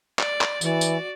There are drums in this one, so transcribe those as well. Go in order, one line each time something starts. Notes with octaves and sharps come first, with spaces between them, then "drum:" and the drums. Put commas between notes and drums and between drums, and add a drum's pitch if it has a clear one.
D5, drum: clap
drum: clap
E3 F#4 D5, drum: tambourine
drum: tambourine